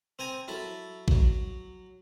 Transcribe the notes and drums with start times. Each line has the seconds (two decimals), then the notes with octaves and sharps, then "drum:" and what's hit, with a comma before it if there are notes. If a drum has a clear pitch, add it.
0.19 C4 G5 G#5 A#5
0.48 F#3 E4 A4
1.08 F#3, drum: kick A1